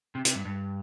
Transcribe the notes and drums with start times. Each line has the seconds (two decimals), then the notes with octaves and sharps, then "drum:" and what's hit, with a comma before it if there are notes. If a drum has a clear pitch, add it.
0.15 C3
0.25 C3, drum: hi-hat
0.35 G2
0.45 G2